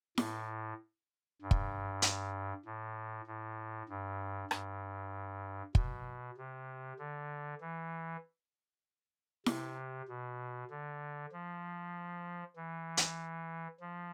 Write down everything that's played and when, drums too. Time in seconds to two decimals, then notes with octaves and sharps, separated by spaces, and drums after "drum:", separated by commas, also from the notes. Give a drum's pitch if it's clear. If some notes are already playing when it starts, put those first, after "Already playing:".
0.18 A2, drum: snare E4
1.42 G2
1.51 drum: kick
2.02 drum: hi-hat
2.65 A2
3.27 A2
3.89 G2
4.51 G2, drum: rim click
5.75 B2, drum: kick
6.37 C3
6.99 D3
7.61 E3
9.46 C3, drum: snare E4
10.08 B2
10.70 D3
11.32 F3
12.56 E3
12.97 drum: hi-hat
13.80 F3